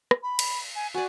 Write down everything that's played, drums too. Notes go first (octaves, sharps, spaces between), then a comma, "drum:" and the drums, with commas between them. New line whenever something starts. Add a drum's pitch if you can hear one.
drum: rim click
B5
drum: cymbal
G#5
F#4 D5 G#5